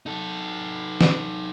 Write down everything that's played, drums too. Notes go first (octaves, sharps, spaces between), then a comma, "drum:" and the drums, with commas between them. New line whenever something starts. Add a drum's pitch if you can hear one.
D#4 A4
drum: snare